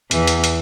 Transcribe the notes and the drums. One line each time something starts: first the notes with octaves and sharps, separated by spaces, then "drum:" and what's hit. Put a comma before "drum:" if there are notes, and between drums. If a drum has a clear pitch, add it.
E2 E3, drum: hi-hat
drum: hi-hat
drum: hi-hat